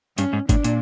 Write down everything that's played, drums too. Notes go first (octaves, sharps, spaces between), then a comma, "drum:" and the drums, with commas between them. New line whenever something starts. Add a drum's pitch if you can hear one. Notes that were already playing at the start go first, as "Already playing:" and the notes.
G2 C#4, drum: hi-hat
G#2
A2 D4, drum: kick G1, hi-hat
A#2, drum: hi-hat